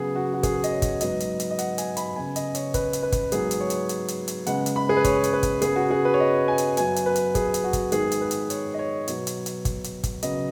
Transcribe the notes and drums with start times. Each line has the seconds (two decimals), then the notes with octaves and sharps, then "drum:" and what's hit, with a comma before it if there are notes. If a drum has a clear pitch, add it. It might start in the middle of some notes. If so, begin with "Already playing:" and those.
Already playing: C#3 F#3 B3 G#4
0.15 F#4
0.34 F#4
0.43 G#4, drum: kick, hi-hat
0.64 D#5, drum: hi-hat
0.72 C#5
0.82 drum: kick, hi-hat
1.01 G#2 F#3 B3 D#5, drum: hi-hat
1.20 drum: hi-hat
1.40 drum: hi-hat
1.51 D#5
1.59 F#5, drum: hi-hat
1.78 G#5, drum: hi-hat
1.97 B5, drum: hi-hat
2.16 C#3 B3 G#5
2.36 D#5, drum: hi-hat
2.55 C#5, drum: hi-hat
2.74 B4, drum: kick, hi-hat
2.93 drum: hi-hat
3.03 B4
3.12 drum: kick, hi-hat
3.32 G#2 F#3 B3 G#4, drum: hi-hat
3.51 drum: hi-hat
3.60 C#5
3.70 drum: hi-hat
3.89 drum: hi-hat
4.08 drum: hi-hat
4.28 drum: hi-hat
4.47 C#3 G#3 B3 F#5, drum: hi-hat
4.66 drum: hi-hat
4.76 B5
4.89 G#4
4.97 B4
5.04 C#5, drum: kick, hi-hat
5.24 drum: hi-hat
5.33 B4
5.43 drum: kick, hi-hat
5.62 C#3 B3 G#4, drum: hi-hat
5.76 F#4
5.90 G#4
6.05 B4
6.14 C#5
6.20 D#5
6.48 G#5
6.58 drum: hi-hat
6.77 F#2 F#3 B3 G#5, drum: hi-hat
6.96 drum: hi-hat
7.06 B4
7.16 drum: hi-hat
7.35 G#4, drum: kick, hi-hat
7.54 drum: hi-hat
7.64 F#4
7.73 drum: kick, hi-hat
7.92 G#2 D#3 B3 G#4, drum: hi-hat
8.12 drum: hi-hat
8.21 B4
8.31 drum: hi-hat
8.50 C#5, drum: hi-hat
8.74 D#5
8.79 C#5
9.08 B2 F#3 B3, drum: hi-hat
9.27 drum: hi-hat
9.46 drum: hi-hat
9.65 drum: kick, hi-hat
9.84 drum: hi-hat
10.04 drum: kick, hi-hat
10.23 C#3 F#3 B3 D#5, drum: hi-hat